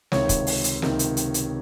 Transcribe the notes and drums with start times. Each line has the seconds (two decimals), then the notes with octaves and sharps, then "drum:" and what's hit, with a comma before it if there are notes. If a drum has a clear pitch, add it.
0.12 C#2 C3 D#3 C#5, drum: snare
0.29 drum: kick, hi-hat
0.47 drum: open hi-hat
0.64 drum: hi-hat
0.82 C#2 C3 D#3, drum: snare
0.99 drum: hi-hat
1.17 drum: hi-hat
1.34 drum: hi-hat